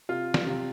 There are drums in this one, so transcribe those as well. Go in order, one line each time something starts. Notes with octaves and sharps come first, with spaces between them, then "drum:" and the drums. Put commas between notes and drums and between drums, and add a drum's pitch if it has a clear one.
C3 F4
drum: snare
C3